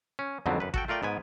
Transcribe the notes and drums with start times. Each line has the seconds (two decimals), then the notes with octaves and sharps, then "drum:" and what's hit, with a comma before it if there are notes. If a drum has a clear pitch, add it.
0.19 C#4
0.46 F2 G#2 D3 F#3 B3 C4
0.60 F#2 B4
0.74 F#4 A4 G5, drum: kick G#1
0.88 A3 F4 A#4 D5 G5
1.03 G#2 B3 G#5